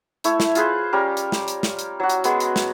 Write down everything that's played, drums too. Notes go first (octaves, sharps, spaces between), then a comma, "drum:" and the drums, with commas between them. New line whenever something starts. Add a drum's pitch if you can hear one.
A3 E4 C#5, drum: hi-hat
drum: snare
F4 G#4 B4 C5, drum: hi-hat
G3 C#4 G4 A#4
drum: hi-hat
drum: snare
drum: hi-hat
drum: snare
drum: hi-hat
F#3 F#4
drum: hi-hat
F#3 G#3 B3, drum: hi-hat
drum: hi-hat
drum: snare